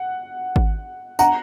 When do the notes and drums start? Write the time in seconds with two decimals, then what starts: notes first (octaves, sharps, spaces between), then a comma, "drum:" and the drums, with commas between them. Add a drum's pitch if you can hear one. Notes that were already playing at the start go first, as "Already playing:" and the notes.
Already playing: F#5
0.56 drum: kick G#1
1.19 F#5 A#5, drum: tambourine